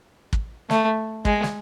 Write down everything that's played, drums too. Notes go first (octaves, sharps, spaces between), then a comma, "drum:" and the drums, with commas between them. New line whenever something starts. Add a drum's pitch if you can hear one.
drum: kick
A3, drum: snare
G#3, drum: kick
drum: snare